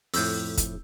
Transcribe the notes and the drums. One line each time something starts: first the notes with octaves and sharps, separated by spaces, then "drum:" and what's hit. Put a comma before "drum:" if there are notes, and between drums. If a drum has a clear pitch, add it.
F2 A2 E6 G6, drum: open hi-hat
drum: kick, hi-hat